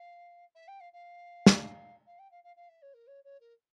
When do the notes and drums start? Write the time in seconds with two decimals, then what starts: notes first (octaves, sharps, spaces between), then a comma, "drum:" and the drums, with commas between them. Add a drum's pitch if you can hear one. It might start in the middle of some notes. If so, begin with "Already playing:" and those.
Already playing: F5
0.55 E5
0.68 G5
0.80 F5
0.93 F5
1.46 drum: snare
2.06 F5
2.19 G5
2.31 F5
2.44 F5
2.56 F5
2.69 E5
2.82 C#5
2.94 A#4
3.07 C#5
3.24 C#5
3.40 A#4